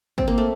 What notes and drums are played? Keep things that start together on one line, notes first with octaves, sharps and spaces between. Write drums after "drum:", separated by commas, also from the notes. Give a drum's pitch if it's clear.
C4, drum: kick
A#3
A3